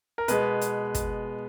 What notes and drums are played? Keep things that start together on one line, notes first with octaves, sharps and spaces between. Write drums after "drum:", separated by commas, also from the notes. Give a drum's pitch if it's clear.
A#4
B2 G#3 B3 B4, drum: hi-hat
drum: hi-hat
drum: kick, hi-hat